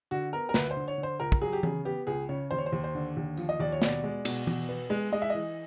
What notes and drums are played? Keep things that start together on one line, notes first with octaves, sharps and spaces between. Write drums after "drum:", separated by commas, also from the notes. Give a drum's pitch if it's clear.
D3 F#4
B3 A#4
A#4
D2 B4, drum: snare
C5
D3
C#5
D3
C5
C#2 A#4
drum: kick
F#3 G#4
G4
C#3 G#4, drum: tom E3
B3 G4
C#2 G#4
C#3 C#5
D#2 C5
C#5
C5
D#2
C5
D3
D#2
F3, drum: tambourine
D#5
D#2 D5
C#5
B2 D5, drum: snare
G#3
B2, drum: cymbal
B2, drum: tom E3
B3
G#3
G#3 D#5
E5
E3 D#5